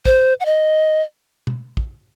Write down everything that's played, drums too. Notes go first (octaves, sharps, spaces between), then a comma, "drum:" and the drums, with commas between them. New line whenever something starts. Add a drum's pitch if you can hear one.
C5, drum: kick
F#5
D#5
drum: tom B2
drum: kick